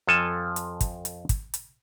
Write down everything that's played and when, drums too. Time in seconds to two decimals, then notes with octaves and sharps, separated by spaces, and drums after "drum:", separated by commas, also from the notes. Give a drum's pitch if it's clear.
0.07 F2 F3 A4 G#5 A5
0.56 drum: hi-hat
0.81 drum: kick, hi-hat
1.05 drum: hi-hat
1.29 drum: kick, hi-hat
1.54 drum: hi-hat